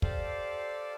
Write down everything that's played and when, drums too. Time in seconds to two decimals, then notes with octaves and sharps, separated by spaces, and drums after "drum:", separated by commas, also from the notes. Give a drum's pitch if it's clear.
0.02 G4 A4 C5 D5 F5, drum: kick